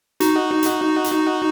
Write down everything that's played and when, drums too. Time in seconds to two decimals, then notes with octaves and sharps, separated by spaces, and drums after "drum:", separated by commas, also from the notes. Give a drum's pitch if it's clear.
0.20 D#4 F#4, drum: hi-hat
0.63 drum: hi-hat
1.04 drum: hi-hat